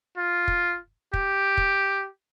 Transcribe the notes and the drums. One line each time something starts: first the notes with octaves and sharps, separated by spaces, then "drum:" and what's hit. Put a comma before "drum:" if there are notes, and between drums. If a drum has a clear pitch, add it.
F4
drum: kick
G4, drum: kick
drum: kick